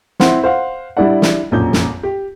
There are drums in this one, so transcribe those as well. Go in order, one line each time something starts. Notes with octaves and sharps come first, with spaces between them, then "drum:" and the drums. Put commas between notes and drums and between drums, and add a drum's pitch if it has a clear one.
C4 E4 C5 F#5, drum: snare
C5 F5 F#5
G3 D4 E4 D5 F#5
drum: snare
F1 A#1 F#2 G6
drum: snare
G4